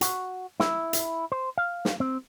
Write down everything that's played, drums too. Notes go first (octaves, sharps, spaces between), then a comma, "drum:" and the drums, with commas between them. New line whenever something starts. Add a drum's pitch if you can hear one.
F#4, drum: hi-hat
E4, drum: snare
drum: hi-hat
C5
F5
drum: snare
C4